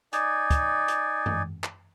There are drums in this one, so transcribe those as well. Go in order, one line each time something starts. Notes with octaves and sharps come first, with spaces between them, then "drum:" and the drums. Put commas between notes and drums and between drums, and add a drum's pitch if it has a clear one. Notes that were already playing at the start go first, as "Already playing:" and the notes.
D#4 D5 G#5, drum: hi-hat
drum: kick, hi-hat
drum: hi-hat
drum: tom F#2
drum: clap